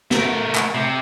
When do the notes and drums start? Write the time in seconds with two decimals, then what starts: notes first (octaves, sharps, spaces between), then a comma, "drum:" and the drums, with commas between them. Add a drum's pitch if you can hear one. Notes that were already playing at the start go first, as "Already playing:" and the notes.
0.11 A3 A#4, drum: snare
0.55 drum: clap
0.74 C3